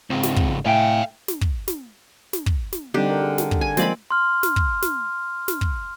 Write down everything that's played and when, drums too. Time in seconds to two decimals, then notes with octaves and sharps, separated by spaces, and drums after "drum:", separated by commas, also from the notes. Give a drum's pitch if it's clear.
0.10 C#2 G#2 C4
0.23 drum: snare
0.36 drum: kick
0.66 A2 E5 F5 G5 G#5
1.28 drum: snare
1.41 drum: kick
1.68 drum: snare
2.33 drum: snare
2.46 drum: kick
2.73 drum: snare
2.94 D3 G3 C4 D4 D#4 G4
3.10 A#4
3.23 G#4
3.38 drum: snare
3.51 drum: kick
3.61 G#5
3.77 F3 G#3 A#3 C4 D5 B5, drum: snare
4.11 C6 F6
4.43 drum: snare
4.56 drum: kick
4.82 drum: snare
5.48 drum: snare
5.61 drum: kick